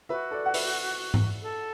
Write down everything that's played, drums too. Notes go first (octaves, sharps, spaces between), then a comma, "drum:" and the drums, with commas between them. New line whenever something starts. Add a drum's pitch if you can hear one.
F#4 B4 E5
A4 D5
F#5
B4 E5, drum: open hi-hat
drum: tom G#2
A4